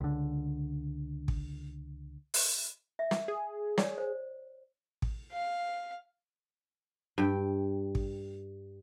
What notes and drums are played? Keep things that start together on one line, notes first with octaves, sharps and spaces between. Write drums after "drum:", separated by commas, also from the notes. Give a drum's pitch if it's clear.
C#2 D3
drum: kick
drum: open hi-hat
E5
drum: snare
G#4
C#5 D5, drum: snare
C5
drum: kick
F5
G2 G5
drum: kick